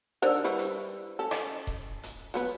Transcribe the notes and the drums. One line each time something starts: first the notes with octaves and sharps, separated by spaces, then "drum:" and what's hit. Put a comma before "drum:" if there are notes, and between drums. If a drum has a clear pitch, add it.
D3 D#4 A#4 C5 E6
G3 E4 G4 B4
drum: hi-hat
C#4 A4
drum: rim click
drum: kick D#1
drum: hi-hat
F#3 B3 B4